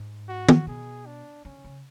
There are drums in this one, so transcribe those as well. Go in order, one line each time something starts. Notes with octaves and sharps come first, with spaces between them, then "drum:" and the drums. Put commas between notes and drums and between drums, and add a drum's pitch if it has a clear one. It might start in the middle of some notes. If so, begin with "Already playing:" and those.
Already playing: G#2
F#4
drum: tom
B2 G#4
D4
D3 C#4
C#3